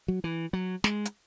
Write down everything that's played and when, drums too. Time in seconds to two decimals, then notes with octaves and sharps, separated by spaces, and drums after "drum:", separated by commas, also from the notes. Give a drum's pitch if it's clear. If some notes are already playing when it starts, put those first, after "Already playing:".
0.08 F#3
0.24 E3
0.53 F#3
0.84 G#3, drum: snare
1.05 drum: hi-hat